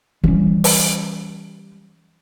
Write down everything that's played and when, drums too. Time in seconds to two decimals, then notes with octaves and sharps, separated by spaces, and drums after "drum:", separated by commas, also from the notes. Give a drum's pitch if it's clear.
0.24 E3 G3 C#4
0.64 drum: open hi-hat